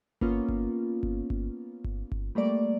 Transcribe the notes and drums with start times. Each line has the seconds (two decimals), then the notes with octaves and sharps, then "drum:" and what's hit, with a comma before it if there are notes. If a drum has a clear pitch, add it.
0.21 A#3 B3 C#4 F4, drum: kick G1
0.49 drum: kick G1
1.03 drum: kick G1
1.30 drum: kick G1
1.84 drum: kick G1
2.12 drum: kick G1
2.35 G3 A3 A#3 D5